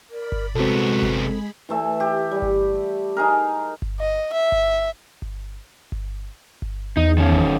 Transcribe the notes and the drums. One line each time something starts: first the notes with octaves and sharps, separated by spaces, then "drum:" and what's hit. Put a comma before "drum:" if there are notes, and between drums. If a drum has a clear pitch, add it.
A#4 D5 B5
drum: kick G1
C2 G#3 B3 C4 F#4 G#4 A4 B5
drum: kick G1
E3 A3 E5
G4
G3
drum: kick G1
D#4 G#4 A#4
drum: kick G1
D#5
E5
drum: kick G1
drum: kick G1
drum: kick G1
drum: kick G1
E2 D#4
D#3 C#4
drum: kick G1